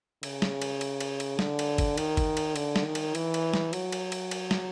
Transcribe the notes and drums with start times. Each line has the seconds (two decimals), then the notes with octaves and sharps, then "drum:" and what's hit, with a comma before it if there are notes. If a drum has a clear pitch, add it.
0.23 C#3, drum: cymbal
0.42 drum: snare
0.62 drum: cymbal
0.81 drum: cymbal
1.00 drum: cymbal
1.20 drum: cymbal
1.39 D3, drum: snare
1.59 drum: cymbal
1.78 drum: kick, cymbal
1.98 D#3, drum: cymbal
2.17 drum: kick, cymbal
2.37 drum: cymbal
2.56 D3, drum: cymbal
2.76 drum: snare
2.86 D#3
2.95 drum: cymbal
3.15 E3, drum: cymbal
3.34 drum: cymbal
3.54 drum: snare
3.73 F#3, drum: cymbal
3.92 drum: cymbal
4.12 drum: cymbal
4.31 drum: cymbal
4.51 drum: snare